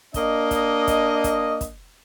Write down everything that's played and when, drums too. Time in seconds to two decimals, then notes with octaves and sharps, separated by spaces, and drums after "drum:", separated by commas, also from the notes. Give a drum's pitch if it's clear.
0.14 A#3 D4 D#5, drum: kick, hi-hat
0.51 drum: kick, hi-hat
0.87 drum: kick, hi-hat
1.24 drum: kick, hi-hat
1.61 drum: kick, hi-hat